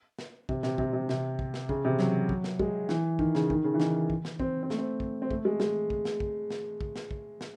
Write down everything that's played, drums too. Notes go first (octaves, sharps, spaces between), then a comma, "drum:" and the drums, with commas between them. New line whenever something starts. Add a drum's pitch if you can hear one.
drum: snare
C3, drum: kick
C3, drum: snare
C3, drum: kick
C3
C3, drum: snare
drum: kick
drum: snare
C#3, drum: kick
C3
F#3, drum: snare
drum: kick
drum: snare
G#3, drum: kick
E3, drum: snare
D#3, drum: kick
C#3, drum: snare
D#3, drum: kick
C#3
E3
D#3, drum: snare
drum: kick
drum: snare
C4, drum: kick
C4
A3, drum: snare
C4
drum: kick
C4
A3, drum: kick
G#3
G#3, drum: snare
drum: kick
drum: snare
drum: kick
drum: snare
drum: kick
drum: snare
drum: kick
drum: snare